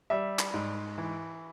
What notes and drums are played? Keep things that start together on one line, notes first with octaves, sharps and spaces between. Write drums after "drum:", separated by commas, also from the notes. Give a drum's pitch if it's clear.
G3 E5
drum: clap
G#2
E3